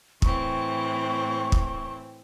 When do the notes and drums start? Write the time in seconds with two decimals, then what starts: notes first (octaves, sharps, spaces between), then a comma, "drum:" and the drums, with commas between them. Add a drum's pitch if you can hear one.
0.22 A2 E3 C4 C#6, drum: kick
1.52 drum: kick